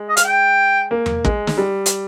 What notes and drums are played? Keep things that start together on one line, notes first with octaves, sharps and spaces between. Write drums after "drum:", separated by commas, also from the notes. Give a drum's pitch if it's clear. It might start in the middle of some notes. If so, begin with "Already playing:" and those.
Already playing: G#3
D#5
F5, drum: hi-hat
G5
A#3
drum: tom E2
G#3, drum: kick
drum: snare
G3
drum: hi-hat